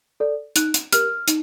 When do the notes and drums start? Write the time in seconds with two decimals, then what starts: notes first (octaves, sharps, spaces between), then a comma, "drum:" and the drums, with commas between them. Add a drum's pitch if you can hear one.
0.20 A4 D5
0.56 D#4 F#6, drum: hi-hat
0.74 drum: hi-hat
0.92 G4 A#4 F6, drum: hi-hat
1.28 D#4, drum: hi-hat